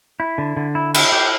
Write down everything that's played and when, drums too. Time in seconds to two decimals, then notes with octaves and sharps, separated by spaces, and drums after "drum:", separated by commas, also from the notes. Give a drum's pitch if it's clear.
0.20 E4
0.38 D3
0.57 D3
0.75 E4
0.94 E4, drum: cymbal
1.12 G4